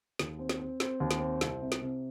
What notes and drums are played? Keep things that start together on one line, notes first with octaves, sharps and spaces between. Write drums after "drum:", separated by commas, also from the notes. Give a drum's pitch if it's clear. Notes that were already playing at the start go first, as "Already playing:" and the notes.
D#2, drum: snare
C4
drum: snare
C4
C4, drum: snare
D#2
drum: snare
C4
C2, drum: snare
C3
drum: snare
C3